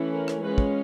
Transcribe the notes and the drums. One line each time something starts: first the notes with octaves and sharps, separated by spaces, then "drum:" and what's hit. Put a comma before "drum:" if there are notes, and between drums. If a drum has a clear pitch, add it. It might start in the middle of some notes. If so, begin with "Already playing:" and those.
Already playing: E3 A3 C#4 E4
A#4
drum: rim click
G#3 C#4 F4 B4
drum: kick